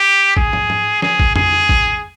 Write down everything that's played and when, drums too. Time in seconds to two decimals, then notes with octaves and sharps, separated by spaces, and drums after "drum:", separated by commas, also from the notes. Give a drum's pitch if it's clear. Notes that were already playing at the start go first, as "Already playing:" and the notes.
Already playing: G4
0.37 G#4, drum: kick
0.53 drum: tom
0.70 drum: tom
1.02 G#4, drum: snare
1.20 drum: kick
1.36 G#4, drum: tom F2
1.69 drum: kick